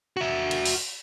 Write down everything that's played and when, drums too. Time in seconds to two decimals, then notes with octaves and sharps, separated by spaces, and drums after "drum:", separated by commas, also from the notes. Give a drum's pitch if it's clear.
0.17 F#4 E5
0.51 drum: cymbal
0.65 drum: open hi-hat